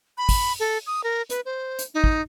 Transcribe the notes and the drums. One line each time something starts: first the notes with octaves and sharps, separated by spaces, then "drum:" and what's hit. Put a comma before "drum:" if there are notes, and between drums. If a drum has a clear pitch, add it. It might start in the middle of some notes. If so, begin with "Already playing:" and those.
B5
drum: kick, open hi-hat
A4
D#6
A#4
B4, drum: hi-hat
C5
drum: hi-hat
D#4
drum: kick